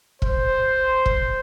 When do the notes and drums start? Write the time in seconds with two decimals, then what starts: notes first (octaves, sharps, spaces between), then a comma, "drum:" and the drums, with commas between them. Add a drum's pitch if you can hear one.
0.22 C5, drum: kick
1.06 drum: kick